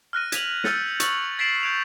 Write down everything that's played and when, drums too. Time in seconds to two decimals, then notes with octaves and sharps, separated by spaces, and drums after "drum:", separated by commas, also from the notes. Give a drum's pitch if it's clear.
0.13 F6 F#6 A#6 D#7
0.32 G#6 B6 D#7 F7 F#7, drum: hi-hat
0.64 E6 F6 G6 A6 C#7 D#7, drum: snare
1.00 C#6 E6 A6 F#7, drum: hi-hat
1.39 A6 B6 C7 D7 E7 F#7
1.63 G6 G#6 D7 F7